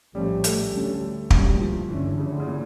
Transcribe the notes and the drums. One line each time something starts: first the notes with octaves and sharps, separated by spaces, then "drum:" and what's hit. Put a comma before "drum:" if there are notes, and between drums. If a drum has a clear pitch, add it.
A#1 A2 F3 G3 A3 C#4
A3, drum: hi-hat
D2 D3 G3 C#4
D2 C#3 G3 A#3 C#4, drum: kick
F3
G2 D3 E3 A3 C#4
C#3
E3
D3
C#3
A#2